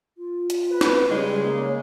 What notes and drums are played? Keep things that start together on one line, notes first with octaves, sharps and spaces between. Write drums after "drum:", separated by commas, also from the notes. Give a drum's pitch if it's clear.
F4
drum: hi-hat
B4
drum: snare
C#3 G3 G#3 C#5
A#3